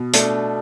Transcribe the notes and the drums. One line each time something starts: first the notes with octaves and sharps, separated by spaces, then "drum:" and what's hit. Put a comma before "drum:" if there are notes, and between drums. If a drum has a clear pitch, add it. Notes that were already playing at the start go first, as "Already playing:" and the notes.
Already playing: B2
A3 D4, drum: hi-hat